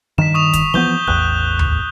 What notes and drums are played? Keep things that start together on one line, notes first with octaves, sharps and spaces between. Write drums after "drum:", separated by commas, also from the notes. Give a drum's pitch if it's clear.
G2 D#3 B6 E7
C#6 D#6 F7
drum: kick, hi-hat
E3 F3 B3 C#6 G6 G7
A1 E2 F#6
drum: tom D2